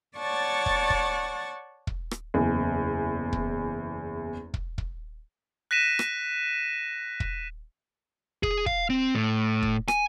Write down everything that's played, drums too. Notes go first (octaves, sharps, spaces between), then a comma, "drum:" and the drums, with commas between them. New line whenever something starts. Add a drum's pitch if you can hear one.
C#5 D5 F#5 A5 C#6 A6
drum: kick
drum: kick
drum: kick
drum: rim click
F#1 E2
drum: kick
drum: kick
drum: kick
F#6 A#6 B6 D#7 E7
drum: rim click
drum: kick
G#4, drum: kick
F5, drum: kick
C4
A2
drum: kick
G#5, drum: rim click